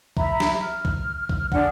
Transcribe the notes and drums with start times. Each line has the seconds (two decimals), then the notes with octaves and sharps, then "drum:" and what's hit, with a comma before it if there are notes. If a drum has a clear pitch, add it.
0.17 E5 A#5 B5, drum: kick
0.40 drum: snare
0.64 F6
0.85 drum: kick
1.29 drum: kick
1.52 D4 G#4 F#5 F6, drum: kick